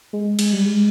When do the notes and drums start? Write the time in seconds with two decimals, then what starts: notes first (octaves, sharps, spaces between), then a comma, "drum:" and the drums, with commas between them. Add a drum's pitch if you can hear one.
0.13 G#3
0.39 G#3, drum: cymbal
0.53 G3
0.66 G#3